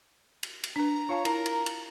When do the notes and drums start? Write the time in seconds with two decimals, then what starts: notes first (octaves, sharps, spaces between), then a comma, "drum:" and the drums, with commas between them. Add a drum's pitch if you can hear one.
0.43 drum: cymbal
0.63 drum: cymbal
0.76 D4 B4 A#5
1.09 F4 C#5 F5 A5
1.25 E4 A#4 A5, drum: cymbal
1.46 drum: cymbal
1.66 drum: cymbal